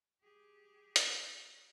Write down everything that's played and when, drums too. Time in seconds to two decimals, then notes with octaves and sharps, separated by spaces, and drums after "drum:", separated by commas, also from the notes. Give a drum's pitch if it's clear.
0.21 G4 G#4
0.96 drum: hi-hat